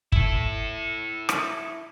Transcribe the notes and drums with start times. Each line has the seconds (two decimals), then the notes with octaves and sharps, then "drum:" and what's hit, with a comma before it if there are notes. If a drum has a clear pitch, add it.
0.12 E4 A4, drum: kick
1.29 drum: rim click